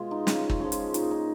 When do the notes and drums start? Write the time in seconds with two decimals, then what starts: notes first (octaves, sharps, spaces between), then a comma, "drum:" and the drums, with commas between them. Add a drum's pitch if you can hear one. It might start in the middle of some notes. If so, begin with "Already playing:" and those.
Already playing: B2 G#3 F4
0.11 D#4
0.27 C#3 C#4, drum: snare
0.50 drum: kick
0.60 F3 G#3 C#4
0.72 drum: hi-hat
0.94 A#2 D#4, drum: hi-hat
1.11 D#4